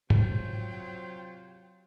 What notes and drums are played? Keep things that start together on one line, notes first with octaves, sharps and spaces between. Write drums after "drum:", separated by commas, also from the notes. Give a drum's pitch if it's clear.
C3 F#3 F4 C5 G5, drum: tom